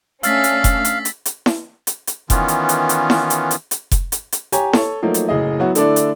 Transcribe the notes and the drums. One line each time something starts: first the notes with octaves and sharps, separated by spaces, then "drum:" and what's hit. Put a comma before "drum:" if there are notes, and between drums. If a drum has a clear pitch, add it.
A3 C#4 D4 F5 E6 A6 B6, drum: hi-hat
drum: hi-hat
drum: kick F1, hi-hat
drum: hi-hat
drum: hi-hat
drum: hi-hat
drum: snare E4
drum: hi-hat
drum: hi-hat
D#3 E3 B3 C#4 F4, drum: kick F1, hi-hat
drum: hi-hat
drum: hi-hat
drum: hi-hat
drum: snare E4
drum: hi-hat
drum: hi-hat
drum: hi-hat
drum: kick F1, hi-hat
drum: hi-hat
drum: hi-hat
G4 C#5 G#5 A#5, drum: hi-hat
A4 C#5, drum: snare E4
F3 F#3 A3 A#3 D#4
drum: hi-hat
F#1 A2 G#4 D#5
E3 F#3 B3 E4 F#4
D3 A3 D4 E4 A4 D5, drum: hi-hat
drum: hi-hat